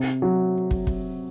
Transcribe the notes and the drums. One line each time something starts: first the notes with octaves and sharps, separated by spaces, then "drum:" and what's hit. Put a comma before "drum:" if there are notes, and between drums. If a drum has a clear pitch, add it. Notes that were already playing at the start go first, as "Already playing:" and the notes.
Already playing: C3
F#3
drum: kick
drum: kick